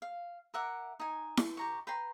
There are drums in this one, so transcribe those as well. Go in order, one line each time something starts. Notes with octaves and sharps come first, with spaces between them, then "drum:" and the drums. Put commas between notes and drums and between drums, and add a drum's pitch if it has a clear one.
F5
A#4 E5 F#5 D6
D#4 G#5
drum: snare E4
G4 A#5 C#6
B4 G5 A#5 C6